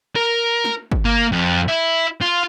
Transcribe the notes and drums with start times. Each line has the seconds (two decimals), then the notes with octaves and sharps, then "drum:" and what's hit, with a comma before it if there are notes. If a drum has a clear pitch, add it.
0.16 A#4
0.64 drum: snare
0.92 drum: kick
1.05 A#3
1.32 F2
1.68 E4
2.22 F4